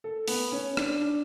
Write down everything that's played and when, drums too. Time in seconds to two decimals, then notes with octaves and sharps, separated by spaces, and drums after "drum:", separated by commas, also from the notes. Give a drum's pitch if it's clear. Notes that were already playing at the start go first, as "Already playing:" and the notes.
0.04 A4
0.28 B3, drum: open hi-hat
0.52 C#4
0.77 D4, drum: rim click
1.01 D4